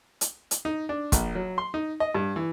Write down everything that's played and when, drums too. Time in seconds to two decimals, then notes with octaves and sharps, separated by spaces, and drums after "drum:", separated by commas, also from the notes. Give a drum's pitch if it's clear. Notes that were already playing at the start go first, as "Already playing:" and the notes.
0.21 drum: hi-hat
0.51 drum: hi-hat
0.65 D#4
0.89 D4
1.12 A#1, drum: kick, hi-hat
1.35 F#3
1.58 C6
1.74 D#4
2.00 D#5
2.15 G2
2.36 E3